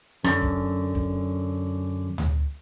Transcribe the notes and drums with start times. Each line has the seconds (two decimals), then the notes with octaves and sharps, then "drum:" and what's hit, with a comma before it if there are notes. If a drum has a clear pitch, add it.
0.24 F#2 D3, drum: rim click
0.42 drum: kick
0.95 drum: kick
2.18 drum: tom D2